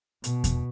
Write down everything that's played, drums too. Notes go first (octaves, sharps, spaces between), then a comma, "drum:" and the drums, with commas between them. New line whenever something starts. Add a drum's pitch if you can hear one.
B2, drum: hi-hat
drum: kick E2, hi-hat